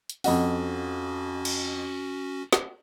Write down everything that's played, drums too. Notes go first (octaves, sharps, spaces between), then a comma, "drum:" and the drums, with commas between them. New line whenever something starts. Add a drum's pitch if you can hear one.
drum: hi-hat
F2 C#4 F#4 D#5 F#5, drum: open hi-hat
drum: cymbal
drum: snare